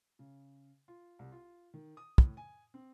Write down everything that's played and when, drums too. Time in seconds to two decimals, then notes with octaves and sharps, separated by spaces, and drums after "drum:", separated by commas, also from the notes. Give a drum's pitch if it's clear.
0.19 C#3
0.88 F4
1.19 C2
1.32 F4
1.74 D#3
1.97 D#6
2.18 A2, drum: kick
2.37 G#5
2.74 C4